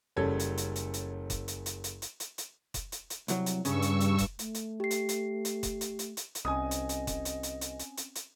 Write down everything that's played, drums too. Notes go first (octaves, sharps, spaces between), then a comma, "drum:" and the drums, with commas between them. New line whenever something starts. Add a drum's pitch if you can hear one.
F#1 G3 C#4 A4 G#6
drum: hi-hat
drum: hi-hat
drum: hi-hat
drum: hi-hat
drum: kick F1, hi-hat
drum: hi-hat
drum: hi-hat
drum: hi-hat
drum: hi-hat
drum: hi-hat
drum: hi-hat
drum: kick F1, hi-hat
drum: hi-hat
drum: hi-hat
C2 F#3, drum: hi-hat
drum: hi-hat
G2 C#3 C#6 E6, drum: hi-hat
drum: hi-hat
drum: hi-hat
drum: kick F1, hi-hat
A3, drum: hi-hat
drum: hi-hat
G4 C7
drum: hi-hat
drum: hi-hat
drum: hi-hat
drum: kick F1, hi-hat
drum: hi-hat
drum: hi-hat
drum: hi-hat
drum: hi-hat
C2 C4 C#4 D#5 G#5 D#6
drum: hi-hat
drum: hi-hat
drum: kick F1, hi-hat
drum: hi-hat
drum: hi-hat
drum: hi-hat
drum: hi-hat
drum: hi-hat
drum: hi-hat